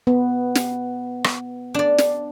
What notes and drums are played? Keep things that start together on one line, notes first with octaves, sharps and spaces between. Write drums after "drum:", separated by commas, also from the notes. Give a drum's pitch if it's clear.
B3
drum: snare
drum: rim click
D4 D5
drum: snare